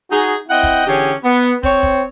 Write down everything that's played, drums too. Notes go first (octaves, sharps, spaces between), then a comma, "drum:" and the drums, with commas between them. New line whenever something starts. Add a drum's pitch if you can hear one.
D#4 F#4 G#4
C4 E4 D#5 F#5 G5
drum: kick, hi-hat
D3 E3 C#4 G4 G#4
B3
drum: hi-hat
C4 C#5, drum: kick
drum: kick